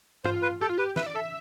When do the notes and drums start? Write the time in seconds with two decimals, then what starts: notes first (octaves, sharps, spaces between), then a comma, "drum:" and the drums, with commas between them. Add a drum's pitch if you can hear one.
0.24 F4 C5, drum: tom G2
0.42 B4
0.61 G4 A4
0.69 F4
0.78 G4 B4
0.96 B4 E5, drum: snare
1.07 D5
1.15 A4 E5